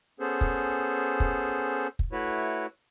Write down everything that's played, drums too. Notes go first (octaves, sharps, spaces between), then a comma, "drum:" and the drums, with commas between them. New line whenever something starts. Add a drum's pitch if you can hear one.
B3 C#4 G#4 A4 C5
drum: kick
drum: kick
drum: kick
A3 E4 F#4 B4 C#5